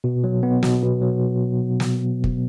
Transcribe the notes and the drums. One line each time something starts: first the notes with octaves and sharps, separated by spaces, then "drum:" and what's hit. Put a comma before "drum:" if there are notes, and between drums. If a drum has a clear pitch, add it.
B2
F#3
B3
B2, drum: snare
B2
F#3
drum: snare
drum: kick